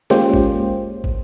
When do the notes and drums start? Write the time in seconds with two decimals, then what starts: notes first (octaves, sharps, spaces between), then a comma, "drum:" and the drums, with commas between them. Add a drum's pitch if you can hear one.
0.10 G#3 A#3 C#4 F4 G4 C5, drum: snare
0.34 drum: kick
1.04 drum: kick